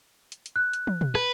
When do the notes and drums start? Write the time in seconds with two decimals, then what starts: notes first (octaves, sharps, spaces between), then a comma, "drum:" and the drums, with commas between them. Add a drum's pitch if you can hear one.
0.32 drum: hi-hat
0.46 drum: hi-hat
0.56 F#6
0.73 drum: hi-hat
0.87 drum: tom
1.01 drum: tom
1.15 B4, drum: rim click